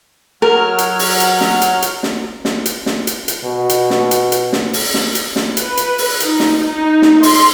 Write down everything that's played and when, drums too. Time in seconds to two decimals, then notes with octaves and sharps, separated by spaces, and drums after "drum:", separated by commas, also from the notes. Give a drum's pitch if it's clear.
0.42 F#3 A#4 F6
0.78 drum: hi-hat
0.99 drum: open hi-hat
1.20 drum: hi-hat
1.41 drum: snare
1.62 drum: hi-hat
1.82 drum: hi-hat
2.03 drum: snare
2.45 drum: snare
2.66 drum: hi-hat
2.86 drum: snare
3.07 drum: hi-hat
3.28 drum: hi-hat
3.45 B2
3.69 drum: hi-hat
3.90 drum: snare
4.11 drum: hi-hat
4.32 drum: hi-hat
4.53 drum: snare
4.73 drum: open hi-hat
4.94 drum: snare
5.15 drum: hi-hat
5.36 drum: snare
5.57 B4, drum: hi-hat
5.77 drum: hi-hat
5.98 drum: open hi-hat
6.20 D#4, drum: hi-hat
6.40 drum: snare
6.64 D#4
7.02 drum: snare
7.23 C6, drum: open hi-hat